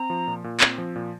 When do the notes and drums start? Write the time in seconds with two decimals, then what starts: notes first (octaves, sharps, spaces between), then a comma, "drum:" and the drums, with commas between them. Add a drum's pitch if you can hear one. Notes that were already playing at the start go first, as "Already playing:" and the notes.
Already playing: C4 A#5
0.10 F3
0.27 A#2
0.44 A#2
0.60 C4, drum: clap
0.78 F3
0.96 A#2